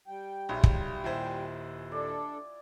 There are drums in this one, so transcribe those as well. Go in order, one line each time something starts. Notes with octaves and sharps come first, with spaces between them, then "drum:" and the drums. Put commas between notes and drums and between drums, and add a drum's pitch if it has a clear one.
G3 G5
B1 E4 F4 G#4
drum: kick
D#1 E4 C5 F#5 G#5
D4 A4 D5